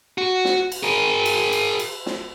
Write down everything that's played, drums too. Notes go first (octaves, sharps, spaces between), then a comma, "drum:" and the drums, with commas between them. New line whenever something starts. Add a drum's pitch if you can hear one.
F#4
drum: snare
drum: cymbal
G#4 A#4
drum: cymbal
drum: cymbal
drum: cymbal
drum: snare